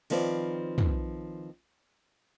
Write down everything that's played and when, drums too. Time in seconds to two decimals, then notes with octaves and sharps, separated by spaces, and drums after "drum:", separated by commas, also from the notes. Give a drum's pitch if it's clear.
0.10 D#3 F3 C4 B4 D5, drum: open hi-hat
0.78 drum: tom